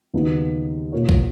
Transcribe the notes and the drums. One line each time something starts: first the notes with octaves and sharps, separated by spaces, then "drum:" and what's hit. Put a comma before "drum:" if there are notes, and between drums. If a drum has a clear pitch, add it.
D#2 C#3 F#3 B3 D#4
B2 A#3 F4 A#4 C#5
drum: kick